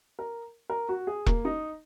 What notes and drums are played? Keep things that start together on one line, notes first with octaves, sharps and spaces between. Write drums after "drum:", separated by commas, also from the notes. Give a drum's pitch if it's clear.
A#4
A#4
F#4
G#4
A#3, drum: kick E1
D#4